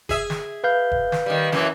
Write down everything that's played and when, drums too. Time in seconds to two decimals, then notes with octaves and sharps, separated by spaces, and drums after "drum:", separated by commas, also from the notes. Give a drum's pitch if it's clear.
0.09 G#4 E5, drum: kick F1
0.30 drum: snare
0.64 B4 F5 G6
0.92 drum: kick F1
1.12 drum: snare
1.26 D#3 G3
1.52 F#2 E3 A#3, drum: snare